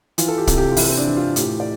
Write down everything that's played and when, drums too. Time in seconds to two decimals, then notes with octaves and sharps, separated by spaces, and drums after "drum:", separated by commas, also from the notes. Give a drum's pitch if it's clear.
0.18 E3 F4, drum: hi-hat
0.28 A4
0.38 G4
0.47 C3, drum: kick, hi-hat
0.58 G4
0.71 F4
0.77 E3 E4, drum: open hi-hat
0.89 C4
0.97 D4
1.07 E3
1.17 F4
1.36 A2 G4, drum: hi-hat
1.60 D5